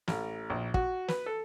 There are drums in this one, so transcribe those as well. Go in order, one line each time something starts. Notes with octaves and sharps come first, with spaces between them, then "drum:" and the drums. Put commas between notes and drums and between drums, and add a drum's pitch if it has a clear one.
A1, drum: snare
A#1
F#4, drum: kick
B4, drum: snare
A4